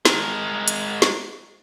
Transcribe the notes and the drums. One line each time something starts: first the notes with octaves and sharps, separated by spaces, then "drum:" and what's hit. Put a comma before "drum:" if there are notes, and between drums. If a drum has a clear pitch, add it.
G#3 A#4, drum: snare
drum: hi-hat
drum: snare